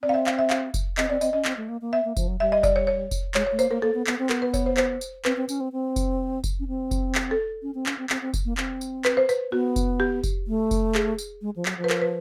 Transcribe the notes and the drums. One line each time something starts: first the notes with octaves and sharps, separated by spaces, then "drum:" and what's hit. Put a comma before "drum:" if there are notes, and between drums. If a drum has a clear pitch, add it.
C4 D5
F5
E5
F5, drum: clap
E5
F5, drum: clap
drum: kick F1, tambourine
C4 D#5, drum: clap
C4 D5
C4 D#5, drum: tambourine
C#4 D#5
C4, drum: clap
A3
A#3
A#3
B3 E5
A#3
F3, drum: kick F1, tambourine
F#3
G3 E5
D#5
D5, drum: kick F1, tambourine
C#5
C#5
drum: kick F1, tambourine
G#3 C#5, drum: clap
C#5
A3
A#3 C5, drum: tambourine
A#3 A#4
A#3 A4
B3
B3, drum: clap
C4
B3 A#4, drum: clap
B4
C#5, drum: kick F1, tambourine
C5
C5, drum: clap
drum: tambourine
C4 B4, drum: clap
C4
C#4, drum: tambourine
C4
C4
drum: kick F1, tambourine
drum: kick F1, tambourine
C#4
C4
drum: kick F1, tambourine
drum: clap
A4
C#4
C4
C#4, drum: clap
C4
C4, drum: clap
C4
drum: kick F1, tambourine
A#3
C4, drum: clap
drum: tambourine
B4, drum: clap
C5
B4, drum: tambourine
B3 F#4
drum: kick F1, tambourine
G4
drum: kick F1, tambourine
A3
drum: kick F1, tambourine
G#4, drum: clap
drum: tambourine
G#3
F3
F#3, drum: clap
F3
B4
A#4, drum: clap
B4